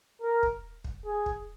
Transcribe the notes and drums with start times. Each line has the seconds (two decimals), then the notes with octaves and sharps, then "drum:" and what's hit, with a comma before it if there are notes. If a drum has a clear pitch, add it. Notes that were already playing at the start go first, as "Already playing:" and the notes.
0.22 A#4
0.43 drum: kick
0.84 drum: kick
1.05 G#4
1.26 drum: kick